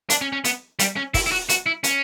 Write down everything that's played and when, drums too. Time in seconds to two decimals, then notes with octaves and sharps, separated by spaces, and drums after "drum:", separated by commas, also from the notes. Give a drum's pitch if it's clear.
0.10 D4, drum: hi-hat
0.21 C#4
0.32 C#4
0.44 B3, drum: hi-hat
0.79 G3, drum: hi-hat
0.96 C#4
1.14 E4, drum: kick, open hi-hat
1.26 E4
1.32 F#4
1.49 F#4, drum: hi-hat
1.66 E4
1.84 C#4, drum: hi-hat